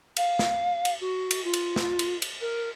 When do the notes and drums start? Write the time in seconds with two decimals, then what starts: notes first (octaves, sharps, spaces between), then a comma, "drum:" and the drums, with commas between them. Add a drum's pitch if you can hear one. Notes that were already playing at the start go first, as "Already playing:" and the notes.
0.17 F5, drum: cymbal
0.39 drum: snare
0.85 drum: cymbal
1.00 F#4
1.31 drum: cymbal
1.44 F4
1.53 drum: cymbal
1.76 drum: snare
1.99 drum: cymbal
2.22 drum: cymbal
2.41 A#4